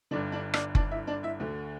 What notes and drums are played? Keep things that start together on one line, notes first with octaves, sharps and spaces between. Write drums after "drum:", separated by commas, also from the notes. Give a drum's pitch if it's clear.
G1 G2 D3 D4 D5
D4 D5
D4 D5, drum: rim click
D4 D5, drum: kick F#1
E4 E5
D4 D5
E4 E5
D2 D3